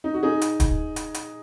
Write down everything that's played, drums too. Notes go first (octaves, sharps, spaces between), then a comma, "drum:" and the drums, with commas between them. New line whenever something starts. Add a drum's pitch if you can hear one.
D#4
F#4
D#4 G#4
drum: hi-hat
drum: kick, hi-hat
drum: hi-hat
drum: hi-hat